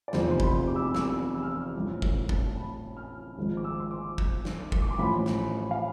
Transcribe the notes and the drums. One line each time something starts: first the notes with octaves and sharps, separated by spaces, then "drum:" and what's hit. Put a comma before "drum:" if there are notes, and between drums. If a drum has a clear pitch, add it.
D5
F1 E2 C3 F3 C5, drum: snare
C6
B5, drum: kick
D6
E6
D6
E6, drum: snare
E6
F6
E6
A1 A2 F3
drum: kick
drum: kick
A5
B5
F6
G#1 G#2 F3
D6
E6
C6
D6
drum: kick
drum: snare
drum: kick
D6
C6
A1 A2 F3 B5
drum: snare
F5